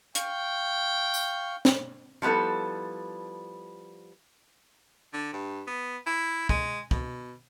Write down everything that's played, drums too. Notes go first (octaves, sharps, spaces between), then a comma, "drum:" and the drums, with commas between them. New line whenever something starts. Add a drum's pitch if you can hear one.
F5 G5 C#6, drum: hi-hat
drum: tambourine
drum: snare
F3 G3 B3 E4 A4
D3
G2
B3
E4
G#3, drum: kick
B2, drum: kick